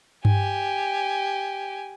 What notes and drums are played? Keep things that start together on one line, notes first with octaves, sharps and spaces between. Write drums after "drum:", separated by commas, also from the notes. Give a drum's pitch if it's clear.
G4 G#5, drum: tom G2